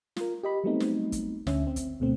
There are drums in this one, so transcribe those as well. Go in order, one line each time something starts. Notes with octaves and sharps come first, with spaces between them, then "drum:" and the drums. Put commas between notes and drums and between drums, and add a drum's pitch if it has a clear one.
F4 A#4, drum: snare
G4 D#5 B5
F#3 G3 A3 B3 C4 D#4
drum: snare
drum: kick, hi-hat
D2 D3 C#4 E5, drum: snare
C4
drum: kick, hi-hat
D2 B2 A3 C4